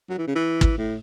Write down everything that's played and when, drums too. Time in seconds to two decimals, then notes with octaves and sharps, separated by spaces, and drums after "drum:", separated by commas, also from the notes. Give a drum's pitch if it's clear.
0.10 F#3
0.18 E3
0.27 C#3
0.35 E3
0.61 drum: kick
0.78 A2